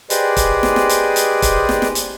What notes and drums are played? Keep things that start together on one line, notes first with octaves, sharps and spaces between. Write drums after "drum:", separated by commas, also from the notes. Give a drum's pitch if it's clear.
G4 G#4 B4 C5 D5 D#5, drum: hi-hat
drum: kick, hi-hat
drum: snare
drum: snare
drum: hi-hat
drum: hi-hat
drum: kick, hi-hat
drum: snare
drum: snare
drum: hi-hat